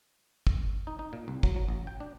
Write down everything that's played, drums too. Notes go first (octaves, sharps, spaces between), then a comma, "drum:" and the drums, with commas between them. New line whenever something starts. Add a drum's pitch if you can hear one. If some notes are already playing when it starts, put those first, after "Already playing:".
drum: kick
D#4
D#4
A#2
C2
F#3, drum: kick
F#3
A1
G5
D4